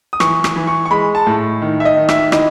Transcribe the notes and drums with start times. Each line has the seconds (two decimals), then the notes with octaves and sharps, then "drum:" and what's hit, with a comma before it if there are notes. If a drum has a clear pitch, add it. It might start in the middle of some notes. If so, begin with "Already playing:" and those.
0.13 D#6
0.20 E3 C#6, drum: rim click
0.44 drum: rim click
0.56 E3
0.67 C#6
0.86 C#6
0.91 G#3 B5
1.15 A5
1.27 A2
1.62 D#3
1.80 E5
1.85 D#5
1.97 D#3
2.09 E5, drum: rim click
2.32 E4 D#5, drum: rim click